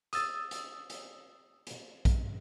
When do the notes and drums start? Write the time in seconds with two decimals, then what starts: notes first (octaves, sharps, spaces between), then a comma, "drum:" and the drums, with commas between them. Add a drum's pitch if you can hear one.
0.13 D#6 E6 A6, drum: hi-hat
0.51 drum: hi-hat
0.90 drum: hi-hat
1.67 drum: hi-hat
2.05 drum: kick A#1, hi-hat